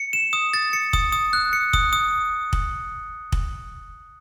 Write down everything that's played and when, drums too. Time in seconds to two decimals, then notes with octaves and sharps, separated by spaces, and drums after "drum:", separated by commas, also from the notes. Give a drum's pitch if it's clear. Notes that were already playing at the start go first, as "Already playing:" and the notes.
Already playing: C#7
0.13 E7
0.33 D#6
0.54 A6
0.73 C#7
0.93 D#6, drum: kick
1.12 D#6
1.33 F#6
1.53 C#7
1.73 D#6, drum: kick
1.93 D#6
2.53 drum: kick
3.32 drum: kick